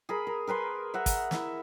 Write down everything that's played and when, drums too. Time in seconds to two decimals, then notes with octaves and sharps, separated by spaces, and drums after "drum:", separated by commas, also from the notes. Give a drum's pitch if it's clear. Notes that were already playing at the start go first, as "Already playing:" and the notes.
0.09 G#4 A#4 B5
0.27 A#4
0.47 A#4 B4 G#5 C6
0.94 E5 F#5 A#5
1.06 drum: kick, hi-hat
1.31 E4 E5, drum: snare